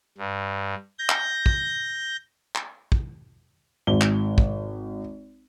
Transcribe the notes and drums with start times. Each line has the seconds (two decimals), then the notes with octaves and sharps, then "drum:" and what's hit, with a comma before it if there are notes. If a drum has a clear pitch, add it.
0.18 G2
0.99 G6 A#6
1.09 drum: clap
1.46 drum: kick
2.55 drum: clap
2.92 drum: kick
3.87 G#1 G7
4.01 drum: clap
4.38 drum: kick